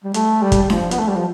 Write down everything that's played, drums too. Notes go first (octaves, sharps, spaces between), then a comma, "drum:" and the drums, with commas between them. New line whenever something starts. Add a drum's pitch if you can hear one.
G3
A3, drum: hi-hat
G3
drum: kick, hi-hat
G3
F3, drum: snare D4
B3, drum: hi-hat
A3
G3
F3